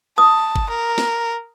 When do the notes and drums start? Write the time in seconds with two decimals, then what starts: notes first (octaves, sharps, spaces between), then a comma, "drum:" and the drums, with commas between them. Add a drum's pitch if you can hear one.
0.18 A5 D#6
0.56 drum: kick F#1
0.70 A#4
0.98 drum: snare